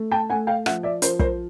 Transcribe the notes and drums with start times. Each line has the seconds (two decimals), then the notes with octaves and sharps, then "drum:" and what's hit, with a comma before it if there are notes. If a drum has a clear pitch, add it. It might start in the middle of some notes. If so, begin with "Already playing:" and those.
Already playing: A3
0.11 G5 A5
0.30 A3 F#5 G#5
0.47 F5 G5
0.66 F3 E5 F#5, drum: rim click
0.83 D5 E5
1.02 F3 A#4 C5, drum: hi-hat
1.19 A#4 C5, drum: kick